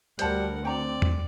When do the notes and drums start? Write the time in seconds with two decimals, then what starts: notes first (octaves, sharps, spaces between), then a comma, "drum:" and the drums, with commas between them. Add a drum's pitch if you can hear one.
0.19 D2 G3 A#4 C5 F#5 A5, drum: hi-hat
0.65 C4 D5 G5 A#5
1.02 drum: tom E2